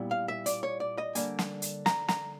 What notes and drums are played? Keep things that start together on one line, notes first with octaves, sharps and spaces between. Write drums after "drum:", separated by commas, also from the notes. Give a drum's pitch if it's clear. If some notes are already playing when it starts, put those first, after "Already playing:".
Already playing: A#2 G3 B3 E4
F5
E5
D5, drum: hi-hat
C#5
D5
D#5
D3 G3 A#3 G#5, drum: hi-hat
drum: snare
drum: hi-hat
A#5, drum: snare
A#5, drum: snare